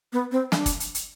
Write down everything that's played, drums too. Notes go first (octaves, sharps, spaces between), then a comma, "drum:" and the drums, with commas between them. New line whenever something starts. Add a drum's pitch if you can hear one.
B3
C4
D4, drum: snare
drum: kick, hi-hat
drum: hi-hat
drum: hi-hat